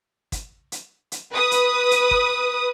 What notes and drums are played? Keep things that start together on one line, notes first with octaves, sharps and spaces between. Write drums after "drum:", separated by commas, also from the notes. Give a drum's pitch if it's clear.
drum: kick, hi-hat
drum: hi-hat
drum: hi-hat
B4 D#6
drum: hi-hat
drum: hi-hat
drum: kick